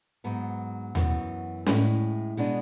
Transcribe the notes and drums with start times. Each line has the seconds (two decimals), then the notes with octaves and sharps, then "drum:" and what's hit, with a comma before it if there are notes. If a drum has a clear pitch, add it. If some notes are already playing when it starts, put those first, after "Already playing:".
0.24 G#2 F#3 B3
0.95 F#2 E3 B3 F#4, drum: tom D#2
1.66 A2 G#3 C#4 E4, drum: snare
2.37 B2 G#3 B3 D4